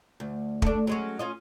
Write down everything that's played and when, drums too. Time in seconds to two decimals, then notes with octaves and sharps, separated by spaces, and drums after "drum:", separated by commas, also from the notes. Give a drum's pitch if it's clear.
0.20 D2
0.62 A3 D4, drum: kick
0.87 F#3 G#3 C#4
1.19 C#4 F4 D#5